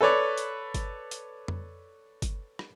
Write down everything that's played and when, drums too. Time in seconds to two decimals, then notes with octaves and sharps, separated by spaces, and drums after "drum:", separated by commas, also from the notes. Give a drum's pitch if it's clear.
0.01 A4 B4 C#5 D5
0.38 drum: hi-hat
0.74 drum: kick G1, hi-hat
1.11 drum: hi-hat
1.48 drum: tom F2
2.22 drum: kick G1, hi-hat
2.59 drum: rim click